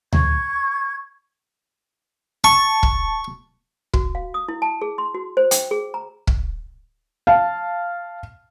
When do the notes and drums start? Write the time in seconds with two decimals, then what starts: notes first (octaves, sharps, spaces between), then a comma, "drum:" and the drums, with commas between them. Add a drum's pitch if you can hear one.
0.13 C#6 G#6, drum: tom D2
2.44 A5 C#6
2.83 drum: kick
3.94 F#4, drum: kick
4.15 F5
4.34 D#6
4.48 E4
4.62 A5
4.82 G#4
4.98 C6
5.15 F#4
5.37 C5
5.51 G5, drum: hi-hat
5.71 G#4
5.94 A#5
6.27 drum: kick
7.27 F5 A5